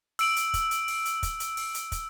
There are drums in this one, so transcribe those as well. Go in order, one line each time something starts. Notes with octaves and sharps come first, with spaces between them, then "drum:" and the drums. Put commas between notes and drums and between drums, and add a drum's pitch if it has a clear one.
E6 D7 F#7, drum: open hi-hat
drum: hi-hat
drum: kick, hi-hat
drum: hi-hat
drum: open hi-hat
drum: hi-hat
drum: kick, hi-hat
drum: hi-hat
drum: open hi-hat
drum: hi-hat
drum: kick, hi-hat